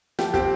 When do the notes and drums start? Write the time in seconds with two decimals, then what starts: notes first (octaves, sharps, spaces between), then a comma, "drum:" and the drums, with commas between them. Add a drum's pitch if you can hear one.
0.19 F3 G4, drum: snare
0.34 C4 G4, drum: kick, hi-hat